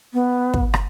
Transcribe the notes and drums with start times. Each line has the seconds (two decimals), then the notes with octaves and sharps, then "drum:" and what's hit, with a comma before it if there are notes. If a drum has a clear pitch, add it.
0.14 B3
0.54 drum: kick
0.74 drum: rim click